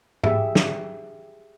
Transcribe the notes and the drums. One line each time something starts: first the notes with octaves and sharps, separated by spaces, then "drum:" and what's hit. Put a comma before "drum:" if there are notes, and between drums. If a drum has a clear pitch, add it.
G4 G#4 E5, drum: tom G#2
drum: snare